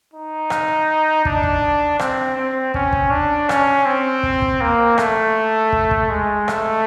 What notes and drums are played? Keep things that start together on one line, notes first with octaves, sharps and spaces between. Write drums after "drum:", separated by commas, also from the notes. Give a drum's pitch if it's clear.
D#4
drum: rim click
D4, drum: kick
drum: kick
C4, drum: rim click
C4
C#4, drum: kick
drum: kick
D4
C#4, drum: rim click
C4
drum: kick
drum: kick
A#3
A3, drum: rim click
drum: kick
drum: kick
G#3
A3, drum: rim click